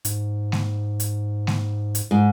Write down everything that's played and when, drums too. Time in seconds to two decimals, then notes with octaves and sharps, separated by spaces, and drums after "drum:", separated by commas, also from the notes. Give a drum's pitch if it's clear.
0.05 G#2, drum: hi-hat
0.52 drum: snare G#3
1.00 drum: hi-hat
1.47 drum: snare G#3
1.95 drum: hi-hat
2.11 G#2